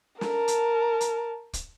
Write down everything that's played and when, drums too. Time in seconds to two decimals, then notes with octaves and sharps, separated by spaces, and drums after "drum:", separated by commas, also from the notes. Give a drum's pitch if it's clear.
0.21 A#4 A5, drum: snare
0.48 drum: hi-hat
1.01 drum: hi-hat
1.53 drum: kick, hi-hat